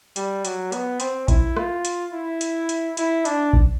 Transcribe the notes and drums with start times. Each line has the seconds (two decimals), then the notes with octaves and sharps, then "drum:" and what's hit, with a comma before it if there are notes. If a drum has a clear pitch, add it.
0.16 G3, drum: hi-hat
0.45 F#3, drum: hi-hat
0.72 B3, drum: hi-hat
1.00 C4, drum: hi-hat
1.28 E4, drum: kick A#1, hi-hat
1.57 F4, drum: rim click
1.85 drum: hi-hat
2.12 E4
2.41 drum: hi-hat
2.69 drum: hi-hat
2.97 E4, drum: hi-hat
3.25 D4, drum: hi-hat
3.53 drum: kick A#1